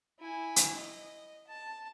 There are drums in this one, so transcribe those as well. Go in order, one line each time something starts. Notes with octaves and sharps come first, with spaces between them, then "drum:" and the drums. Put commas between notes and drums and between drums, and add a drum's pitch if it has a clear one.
E4 G#5
drum: hi-hat
D#5
A5